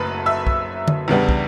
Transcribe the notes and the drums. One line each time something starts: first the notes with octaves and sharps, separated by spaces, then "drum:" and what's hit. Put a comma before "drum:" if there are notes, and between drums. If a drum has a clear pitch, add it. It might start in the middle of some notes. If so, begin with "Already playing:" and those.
Already playing: F#1 F#2 C#3 F#3 A3 A4 B4 B5
E5 E6
drum: kick
drum: tom D3
E2 C#3 G3 B3 D4
drum: kick